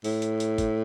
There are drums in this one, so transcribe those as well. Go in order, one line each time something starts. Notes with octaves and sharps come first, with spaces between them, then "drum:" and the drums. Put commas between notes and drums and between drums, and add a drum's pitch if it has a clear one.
A2, drum: open hi-hat
drum: hi-hat
drum: hi-hat
drum: kick, hi-hat